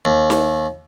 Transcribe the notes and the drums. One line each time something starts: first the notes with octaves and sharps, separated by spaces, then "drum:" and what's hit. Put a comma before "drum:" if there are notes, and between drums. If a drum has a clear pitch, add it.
D#2
drum: snare D#4